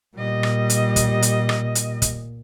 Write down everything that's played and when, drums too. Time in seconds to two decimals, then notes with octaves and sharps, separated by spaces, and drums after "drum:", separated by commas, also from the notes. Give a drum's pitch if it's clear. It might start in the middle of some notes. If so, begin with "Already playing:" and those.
0.17 A#2 G3 D#5
0.43 drum: rim click
0.70 drum: hi-hat
0.96 drum: kick, hi-hat
1.22 drum: hi-hat
1.49 drum: rim click
1.75 drum: hi-hat
2.02 drum: kick, hi-hat